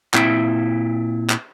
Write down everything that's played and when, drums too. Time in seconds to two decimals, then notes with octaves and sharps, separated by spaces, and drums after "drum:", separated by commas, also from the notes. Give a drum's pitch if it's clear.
0.14 A#2 C4 E4 E5 G5, drum: clap
1.30 drum: clap